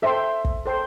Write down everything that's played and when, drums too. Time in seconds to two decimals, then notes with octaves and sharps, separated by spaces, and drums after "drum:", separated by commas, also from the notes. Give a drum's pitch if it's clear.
0.02 A4 C5 E5 G5 C6
0.45 drum: kick
0.65 A4 C5 G5 C6